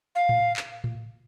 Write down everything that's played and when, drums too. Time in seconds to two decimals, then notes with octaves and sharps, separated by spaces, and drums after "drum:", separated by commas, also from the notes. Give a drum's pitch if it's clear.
0.15 F5
0.29 drum: tom A2
0.56 drum: clap
0.84 drum: tom A2